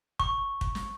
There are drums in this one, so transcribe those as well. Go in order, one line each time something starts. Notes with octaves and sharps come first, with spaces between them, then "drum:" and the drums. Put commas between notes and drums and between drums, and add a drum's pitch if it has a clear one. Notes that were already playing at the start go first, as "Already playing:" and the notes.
C#6, drum: kick
drum: kick
drum: snare